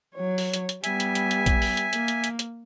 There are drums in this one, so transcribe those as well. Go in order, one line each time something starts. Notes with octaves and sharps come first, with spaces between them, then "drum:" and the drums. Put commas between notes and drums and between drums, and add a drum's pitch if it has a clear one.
F#3 C#5
drum: open hi-hat
drum: hi-hat
drum: hi-hat
G3 B3 E5 G#5, drum: hi-hat
drum: hi-hat
drum: hi-hat
drum: hi-hat
drum: kick, hi-hat
drum: open hi-hat
drum: hi-hat
A#3, drum: hi-hat
drum: hi-hat
drum: hi-hat
drum: hi-hat